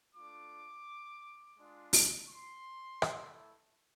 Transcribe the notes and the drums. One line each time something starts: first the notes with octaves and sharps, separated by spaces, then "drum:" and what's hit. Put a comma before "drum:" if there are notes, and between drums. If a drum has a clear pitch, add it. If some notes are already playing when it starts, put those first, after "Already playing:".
A3 D4 F4 D6
G#3 D4 F4
drum: open hi-hat
C6
A3 E4, drum: rim click